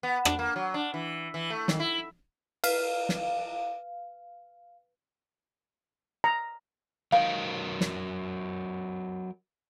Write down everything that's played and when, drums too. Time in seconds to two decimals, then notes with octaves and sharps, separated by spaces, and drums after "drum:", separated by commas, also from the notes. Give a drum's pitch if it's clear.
0.03 B3
0.25 D4, drum: rim click
0.39 A#3
0.56 F#3
0.74 D4
0.94 E3
1.34 E3
1.50 A3
1.68 D#3, drum: snare
1.80 E4
2.64 B4 F5, drum: cymbal
3.09 drum: snare
6.24 A#5
7.12 F#3 A#4 D#5 F5
7.81 drum: snare